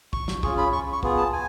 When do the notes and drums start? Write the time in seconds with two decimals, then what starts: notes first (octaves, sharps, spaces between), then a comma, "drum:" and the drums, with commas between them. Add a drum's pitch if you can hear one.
0.13 C#6, drum: kick
0.28 drum: snare
0.43 C#4 F4 G#4 C#6, drum: kick
0.58 B5
0.73 C#6
0.92 C#6
1.03 B3 F4 G#4, drum: kick
1.17 A5
1.33 G#5